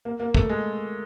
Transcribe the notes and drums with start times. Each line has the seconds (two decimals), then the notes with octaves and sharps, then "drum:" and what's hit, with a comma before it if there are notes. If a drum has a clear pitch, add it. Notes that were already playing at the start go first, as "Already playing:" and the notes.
0.05 A#3
0.20 A#3
0.34 A3, drum: kick
0.49 G#3